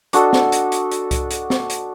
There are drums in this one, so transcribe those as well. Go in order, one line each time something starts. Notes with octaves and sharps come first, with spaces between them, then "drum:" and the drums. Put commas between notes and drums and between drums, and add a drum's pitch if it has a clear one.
D4 F#4 A4 D#5, drum: hi-hat
drum: snare
drum: hi-hat
drum: hi-hat
drum: hi-hat
drum: kick C2, hi-hat
drum: hi-hat
drum: snare
drum: hi-hat